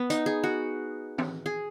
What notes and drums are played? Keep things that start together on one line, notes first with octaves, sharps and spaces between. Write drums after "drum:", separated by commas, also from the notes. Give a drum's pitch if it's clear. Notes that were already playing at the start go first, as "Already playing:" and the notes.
Already playing: B3
D#4, drum: hi-hat
G#4
F#4
drum: tom
G#4